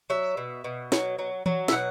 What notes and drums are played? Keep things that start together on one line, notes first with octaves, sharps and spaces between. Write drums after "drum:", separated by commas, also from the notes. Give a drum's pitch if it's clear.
F#3 E5
B2
B2
F#3, drum: snare
F#3
F#3, drum: tom E3
E5, drum: snare
B2 F#5